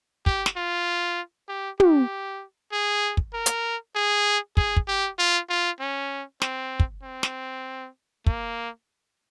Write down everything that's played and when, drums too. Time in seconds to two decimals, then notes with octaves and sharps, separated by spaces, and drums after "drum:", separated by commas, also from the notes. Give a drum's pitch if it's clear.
0.26 G4, drum: kick
0.46 drum: snare
0.57 F4
1.49 G4
1.80 G4, drum: tom
2.72 G#4
3.17 drum: kick
3.34 A#4
3.46 drum: hi-hat
3.96 G#4
4.57 G#4, drum: kick
4.76 drum: kick
4.88 G4
5.19 F4
5.49 F4
5.80 C#4
6.42 C4, drum: snare
6.80 drum: kick
7.03 C4
7.23 drum: snare
8.26 A#3, drum: kick